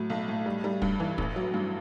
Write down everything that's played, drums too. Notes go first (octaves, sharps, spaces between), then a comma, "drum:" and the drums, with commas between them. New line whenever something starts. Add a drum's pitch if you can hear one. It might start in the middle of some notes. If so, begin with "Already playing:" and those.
Already playing: A2 F#3
B1
A2
G3
G3
G2, drum: kick
E3
A1, drum: kick
F#3
G2